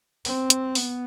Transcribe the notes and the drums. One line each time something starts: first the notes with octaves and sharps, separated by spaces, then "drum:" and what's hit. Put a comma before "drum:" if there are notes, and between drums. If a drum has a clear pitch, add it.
C4, drum: open hi-hat
drum: hi-hat
B3, drum: open hi-hat